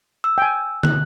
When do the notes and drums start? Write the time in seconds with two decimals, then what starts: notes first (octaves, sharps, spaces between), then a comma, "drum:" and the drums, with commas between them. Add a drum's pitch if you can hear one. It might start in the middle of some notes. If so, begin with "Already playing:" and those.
0.24 E6
0.38 G5 G#5
0.83 F#6, drum: tom